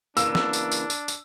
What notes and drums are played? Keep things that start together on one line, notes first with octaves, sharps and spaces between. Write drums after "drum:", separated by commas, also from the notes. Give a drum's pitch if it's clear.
C#3 E3 A#3 D4 E6, drum: tambourine
drum: snare
drum: tambourine
drum: tambourine
drum: tambourine
drum: tambourine